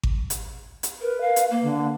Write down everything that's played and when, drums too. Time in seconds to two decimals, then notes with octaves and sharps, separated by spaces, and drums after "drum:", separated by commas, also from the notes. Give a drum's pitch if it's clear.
0.03 drum: kick G#1
0.30 drum: hi-hat
0.83 drum: hi-hat
1.01 A#4 B4
1.21 F5
1.36 drum: hi-hat
1.51 A#3
1.63 D3